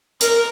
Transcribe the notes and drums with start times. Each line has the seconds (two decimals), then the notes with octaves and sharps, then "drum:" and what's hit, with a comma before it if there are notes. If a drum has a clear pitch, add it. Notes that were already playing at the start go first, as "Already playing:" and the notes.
0.21 A#4, drum: hi-hat